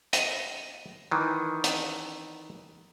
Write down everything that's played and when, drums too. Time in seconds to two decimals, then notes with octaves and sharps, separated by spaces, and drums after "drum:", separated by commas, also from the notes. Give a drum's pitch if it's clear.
0.13 D#5, drum: hi-hat
1.11 D#3 E3
1.64 drum: hi-hat